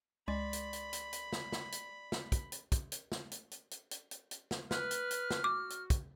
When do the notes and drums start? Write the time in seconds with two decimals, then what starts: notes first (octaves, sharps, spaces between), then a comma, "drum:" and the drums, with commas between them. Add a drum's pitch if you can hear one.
0.28 C#2 G#3 D5 B5 C6 A6
0.53 drum: hi-hat
0.73 drum: hi-hat
0.93 drum: hi-hat
1.13 drum: hi-hat
1.33 drum: snare
1.52 drum: snare
1.72 drum: hi-hat
2.12 drum: snare
2.32 drum: kick, hi-hat
2.52 drum: hi-hat
2.72 drum: kick, hi-hat
2.92 drum: hi-hat
3.12 drum: snare
3.32 drum: hi-hat
3.51 drum: hi-hat
3.71 drum: hi-hat
3.91 drum: hi-hat
4.11 drum: hi-hat
4.31 drum: hi-hat
4.51 drum: snare
4.71 B4 F6, drum: snare
4.91 drum: hi-hat
5.11 drum: hi-hat
5.31 drum: snare
5.44 F#4 D6
5.70 drum: hi-hat
5.90 drum: kick, hi-hat